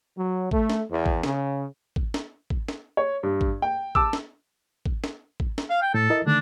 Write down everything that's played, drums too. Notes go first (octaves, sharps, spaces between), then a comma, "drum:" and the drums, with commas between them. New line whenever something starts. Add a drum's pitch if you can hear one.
F#3
A3, drum: kick G#1
drum: snare
E2
drum: kick G#1
C#3, drum: snare
drum: kick G#1
drum: snare
drum: kick G#1
drum: snare
C#5
G2
drum: kick G#1
G5
A5 D6 E6, drum: kick G#1
drum: snare
drum: kick G#1
drum: snare
drum: kick G#1
drum: snare
F5
G5
A2 A4
E4 A#4 D#5
D3 D#3 A3 D4